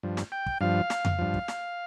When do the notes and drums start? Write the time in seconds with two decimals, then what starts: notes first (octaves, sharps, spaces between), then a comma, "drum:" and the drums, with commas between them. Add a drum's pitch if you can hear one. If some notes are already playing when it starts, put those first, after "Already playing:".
0.03 G2 F3
0.17 drum: snare
0.32 G5
0.46 drum: kick
0.61 G2 F3 F5
0.90 drum: snare
1.05 drum: tom F2
1.19 G2 F3
1.34 drum: kick
1.48 drum: snare